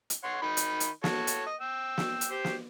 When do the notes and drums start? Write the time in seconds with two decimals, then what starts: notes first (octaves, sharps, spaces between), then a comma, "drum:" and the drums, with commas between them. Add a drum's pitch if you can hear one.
0.10 drum: hi-hat
0.24 C#5 F#5 C6
0.42 D#3 D#4 B5
0.57 drum: hi-hat
0.80 drum: hi-hat
1.04 F#4 A4 C#5, drum: snare
1.27 drum: hi-hat
1.47 D#5
1.61 G5 E6
1.98 drum: snare
2.21 drum: hi-hat
2.31 G4 C5
2.44 drum: snare